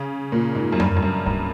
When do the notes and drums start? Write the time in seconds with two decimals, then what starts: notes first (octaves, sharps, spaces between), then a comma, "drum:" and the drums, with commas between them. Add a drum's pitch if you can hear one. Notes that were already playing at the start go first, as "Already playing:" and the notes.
Already playing: C#3
0.32 A#2
0.55 G#2
0.72 F#2
0.80 G2, drum: tom F2
0.96 G2
1.02 F#2
1.26 G2, drum: kick C2